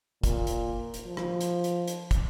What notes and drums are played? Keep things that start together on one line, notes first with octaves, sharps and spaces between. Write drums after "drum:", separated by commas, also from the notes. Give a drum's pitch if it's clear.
A#2, drum: kick, hi-hat
drum: hi-hat
drum: hi-hat
F3
drum: rim click
drum: hi-hat
drum: hi-hat
drum: hi-hat
drum: kick, hi-hat